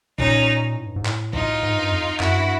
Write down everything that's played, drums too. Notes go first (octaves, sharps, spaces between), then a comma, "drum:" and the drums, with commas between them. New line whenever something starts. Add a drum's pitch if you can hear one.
A#2 C#4 D#4, drum: kick A#1
A2
G2
G#2
A2, drum: clap
D#4 F4, drum: kick A#1
G#2
G2
F2
F#2 E4 F#4, drum: clap
G2